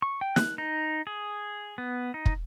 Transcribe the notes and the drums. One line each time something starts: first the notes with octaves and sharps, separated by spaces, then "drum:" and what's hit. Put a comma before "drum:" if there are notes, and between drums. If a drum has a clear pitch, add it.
C#6
G5
F#6, drum: snare
D#4
G#4
B3
D#4
drum: kick